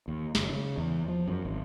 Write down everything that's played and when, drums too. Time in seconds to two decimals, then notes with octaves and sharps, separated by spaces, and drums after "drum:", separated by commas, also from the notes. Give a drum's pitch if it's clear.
0.08 D#2
0.35 F#1, drum: snare
0.50 C#3
0.78 E2
1.08 F3
1.28 F#2
1.45 G#1